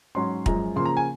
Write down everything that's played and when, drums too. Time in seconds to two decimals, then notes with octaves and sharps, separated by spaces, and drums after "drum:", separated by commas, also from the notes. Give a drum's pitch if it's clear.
0.15 G#2 F#3 C#4 C6
0.46 F#2 F3 G#3 A#5, drum: kick
0.76 C#3 F3 A#3 C6
0.85 A#5
0.97 G#5